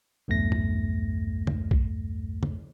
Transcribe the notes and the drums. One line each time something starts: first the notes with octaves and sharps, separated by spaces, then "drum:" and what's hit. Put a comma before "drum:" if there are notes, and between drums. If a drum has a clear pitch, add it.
B1 E2 G2 A3 A#6
drum: tom
drum: tom
drum: kick
drum: tom